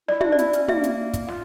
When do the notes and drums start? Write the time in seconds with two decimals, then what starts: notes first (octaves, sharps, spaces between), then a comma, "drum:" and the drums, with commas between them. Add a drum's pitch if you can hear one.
0.08 E4 D5, drum: snare
0.21 D4 E5, drum: tom
0.32 D5
0.38 E4, drum: hi-hat
0.53 C#4, drum: hi-hat
0.68 A#3 E5, drum: tom
0.84 drum: hi-hat
1.14 drum: kick, hi-hat
1.29 F4, drum: snare